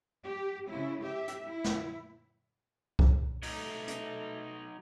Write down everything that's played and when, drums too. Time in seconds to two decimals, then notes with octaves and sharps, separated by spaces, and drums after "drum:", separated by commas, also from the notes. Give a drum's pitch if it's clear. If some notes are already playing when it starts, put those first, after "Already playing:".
0.24 G4
0.69 C#3 E4
1.03 G4 E5
1.28 drum: hi-hat
1.47 E4
1.64 drum: snare
2.99 drum: kick C2
3.43 F#3 A3 D#4, drum: open hi-hat
3.88 drum: hi-hat